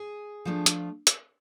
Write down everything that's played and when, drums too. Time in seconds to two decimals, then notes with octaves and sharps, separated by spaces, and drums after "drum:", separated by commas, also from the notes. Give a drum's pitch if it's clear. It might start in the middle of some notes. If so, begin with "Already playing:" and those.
Already playing: G#4
0.45 F3 A3 D4 F4
0.66 drum: hi-hat
1.07 drum: hi-hat